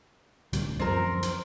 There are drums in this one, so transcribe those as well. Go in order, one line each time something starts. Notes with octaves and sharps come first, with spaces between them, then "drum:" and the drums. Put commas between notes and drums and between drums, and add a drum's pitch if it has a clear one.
D1 D2 G3, drum: hi-hat
F#2 F3 C4 A#4
drum: hi-hat